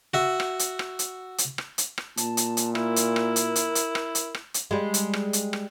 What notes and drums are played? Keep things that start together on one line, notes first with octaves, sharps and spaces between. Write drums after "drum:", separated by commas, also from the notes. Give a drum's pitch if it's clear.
F#4 E5
drum: rim click
drum: hi-hat
drum: rim click
drum: hi-hat
drum: hi-hat
drum: rim click
drum: hi-hat
drum: rim click
A#2 A5, drum: hi-hat
drum: hi-hat
drum: hi-hat
E4 A#4, drum: rim click
drum: hi-hat
drum: rim click
drum: hi-hat
drum: hi-hat
drum: hi-hat
drum: rim click
drum: hi-hat
drum: rim click
drum: hi-hat
G3 G#3
drum: hi-hat
drum: rim click
drum: hi-hat
drum: rim click